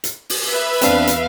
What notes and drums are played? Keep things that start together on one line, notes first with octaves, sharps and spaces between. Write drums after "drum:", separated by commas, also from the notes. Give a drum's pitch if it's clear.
drum: hi-hat
drum: open hi-hat
B4 E5
E2 C4 D4 F5, drum: hi-hat
drum: hi-hat